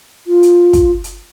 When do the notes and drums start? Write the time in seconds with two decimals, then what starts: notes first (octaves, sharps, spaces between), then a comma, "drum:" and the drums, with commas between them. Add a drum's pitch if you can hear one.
0.27 F4
0.43 drum: hi-hat
0.73 drum: kick, hi-hat
1.04 drum: hi-hat